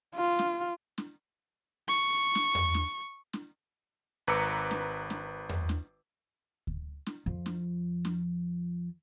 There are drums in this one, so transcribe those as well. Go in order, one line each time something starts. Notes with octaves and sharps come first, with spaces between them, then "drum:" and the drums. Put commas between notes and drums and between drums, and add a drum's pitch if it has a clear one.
F4
drum: snare
drum: snare
C#6
drum: snare
drum: tom E2
drum: snare
drum: snare
G#1 B4 A#5 D6 E6 C#7
drum: snare
drum: snare
drum: tom E2
drum: snare
drum: kick D2
drum: snare
F2 F3
drum: snare
drum: snare